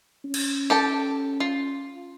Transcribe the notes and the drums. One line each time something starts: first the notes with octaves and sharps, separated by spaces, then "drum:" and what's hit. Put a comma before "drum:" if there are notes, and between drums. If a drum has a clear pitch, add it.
C#4
drum: cymbal
G4 A4 A5
F4